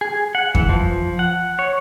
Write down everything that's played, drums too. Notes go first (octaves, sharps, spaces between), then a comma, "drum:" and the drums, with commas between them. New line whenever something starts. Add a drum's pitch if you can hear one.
G#4
F#5
E3, drum: kick F2
F3
F#5
C#5